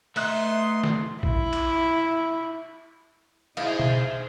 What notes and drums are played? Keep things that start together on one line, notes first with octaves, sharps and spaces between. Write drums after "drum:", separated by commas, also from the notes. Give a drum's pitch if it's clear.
A3 B3 D#4 E5 C6 F#6, drum: open hi-hat
drum: snare
E4, drum: kick
drum: cymbal
D#4 E4 G#4 C5 D#5 F5, drum: cymbal
drum: tom B2